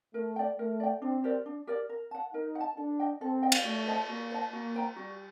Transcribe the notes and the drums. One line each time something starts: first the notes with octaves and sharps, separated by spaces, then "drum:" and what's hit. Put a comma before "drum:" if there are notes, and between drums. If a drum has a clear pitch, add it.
A3 A#4
D5 G5
A3 A#4
D5 G5
C4 D4
G4 A#4 D5
D4
G4 A#4 D5
A#4
F#5 A5
D#4 A#4
F#5
A5
D4 A4
D#5 G5
C4 A4
D#5 G5
drum: cymbal
A3 F#4
C5 D#5 A5
A#3 F#4
C5 D#5 A5
A#3 F#4
C5 G5 A#5
G3 F#4